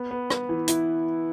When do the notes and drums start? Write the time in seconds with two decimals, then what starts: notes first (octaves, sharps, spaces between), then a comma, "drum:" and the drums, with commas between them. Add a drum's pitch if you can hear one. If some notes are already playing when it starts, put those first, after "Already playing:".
Already playing: B3
0.11 B3
0.30 B4, drum: rim click
0.49 E3
0.68 E4, drum: hi-hat